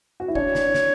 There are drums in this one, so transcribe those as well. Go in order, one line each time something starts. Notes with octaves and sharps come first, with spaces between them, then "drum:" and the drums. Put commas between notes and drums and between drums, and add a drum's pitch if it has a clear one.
F#4
E4
D4 C#5, drum: kick F#1
drum: snare
drum: snare